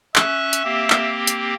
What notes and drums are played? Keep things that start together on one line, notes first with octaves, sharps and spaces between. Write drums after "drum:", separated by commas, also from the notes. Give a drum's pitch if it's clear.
C#4 E5 C#6 F#6, drum: clap
drum: hi-hat
A#3 C4 G4
drum: clap
drum: hi-hat